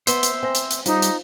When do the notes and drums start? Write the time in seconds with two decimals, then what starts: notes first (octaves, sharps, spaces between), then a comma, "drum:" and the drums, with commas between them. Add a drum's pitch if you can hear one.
0.07 B3 C5 E5 C6, drum: hi-hat
0.23 drum: hi-hat
0.43 C4 G5 G#5 A#6
0.55 drum: hi-hat
0.71 drum: hi-hat
0.86 G3 D#4 F4 C5, drum: hi-hat
1.02 drum: hi-hat